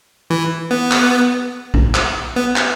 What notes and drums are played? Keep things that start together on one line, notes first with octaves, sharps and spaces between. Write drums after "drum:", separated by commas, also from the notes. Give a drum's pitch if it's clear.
E3
B3
drum: clap
drum: kick
drum: clap
B3
drum: clap